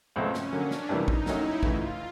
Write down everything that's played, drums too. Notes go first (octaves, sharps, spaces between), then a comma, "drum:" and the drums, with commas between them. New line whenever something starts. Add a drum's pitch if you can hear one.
C#2 B2 F#3 A3 C4 C#4
drum: snare
D3 F#3 A#3 D4
drum: snare
F2 C3 E3 G3 A#3 D#4
drum: kick
D#3 F#3 A3 C#4 E4, drum: snare
D2 C#3 E3 A3 F4, drum: kick